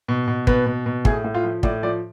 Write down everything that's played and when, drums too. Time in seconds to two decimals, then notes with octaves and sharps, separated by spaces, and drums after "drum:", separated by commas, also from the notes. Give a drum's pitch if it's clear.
0.08 B2
0.27 B2
0.47 B2 B4, drum: kick
0.66 B2
0.86 B2
1.05 A2 G#4, drum: kick
1.24 A2
1.34 F4
1.44 F3
1.63 A2 D5, drum: kick
1.83 F3 D5